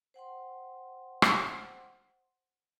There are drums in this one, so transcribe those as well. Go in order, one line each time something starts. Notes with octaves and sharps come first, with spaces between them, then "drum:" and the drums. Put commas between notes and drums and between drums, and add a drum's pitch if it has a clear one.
C5 F#5 G5 C6
drum: rim click